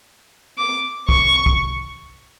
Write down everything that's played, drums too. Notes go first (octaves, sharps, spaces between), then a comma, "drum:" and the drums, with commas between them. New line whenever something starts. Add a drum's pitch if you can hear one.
D6
C#6, drum: kick
drum: kick